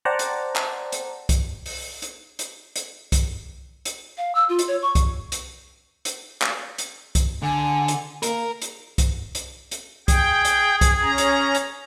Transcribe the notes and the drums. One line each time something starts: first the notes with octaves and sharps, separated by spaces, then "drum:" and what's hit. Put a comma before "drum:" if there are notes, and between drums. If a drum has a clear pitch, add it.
C5 D5 F#5 G5 A5 A#5
drum: hi-hat
drum: clap
drum: hi-hat
drum: kick C2, hi-hat
drum: open hi-hat
drum: hi-hat
drum: hi-hat
drum: hi-hat
drum: kick C2, hi-hat
drum: hi-hat
F5
E6
F4
drum: hi-hat
C#5
C#6
drum: kick C2, hi-hat
drum: hi-hat
drum: hi-hat
drum: clap
drum: hi-hat
drum: kick C2, hi-hat
D3 G#5
drum: hi-hat
A#3 A#4, drum: hi-hat
drum: hi-hat
drum: kick C2, hi-hat
drum: hi-hat
drum: hi-hat
G#4 G5, drum: kick C2, hi-hat
drum: hi-hat
drum: kick C2, hi-hat
C#4 A#5
drum: hi-hat
drum: hi-hat